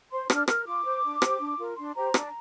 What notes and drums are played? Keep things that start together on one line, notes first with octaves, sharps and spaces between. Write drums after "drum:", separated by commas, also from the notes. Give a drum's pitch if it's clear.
C5 C6
D4 F6, drum: rim click
A#4 F6, drum: rim click
F4 D6
C5
D4
G4 C5, drum: rim click
D4
F4 A#4
D4 C6
G4 C5 A#5
D4, drum: rim click